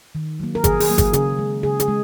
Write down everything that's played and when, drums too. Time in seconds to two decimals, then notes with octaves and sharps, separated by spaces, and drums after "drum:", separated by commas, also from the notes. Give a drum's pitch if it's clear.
0.15 D#3
0.40 F#3 A#3
0.55 A#4
0.64 D#3 G#4, drum: kick G1, hi-hat
0.80 G#4, drum: open hi-hat
0.90 F#3 A#3
0.98 G#4, drum: kick G1, hi-hat
1.13 C#3 G#4, drum: hi-hat
1.38 G#3
1.63 C#3 G#4
1.80 G#4, drum: hi-hat
1.88 G#3